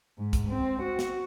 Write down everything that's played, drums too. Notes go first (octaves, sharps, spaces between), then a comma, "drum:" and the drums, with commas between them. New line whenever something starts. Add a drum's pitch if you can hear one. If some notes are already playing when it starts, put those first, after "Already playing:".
G#2
drum: kick, hi-hat
C4
F#4
drum: snare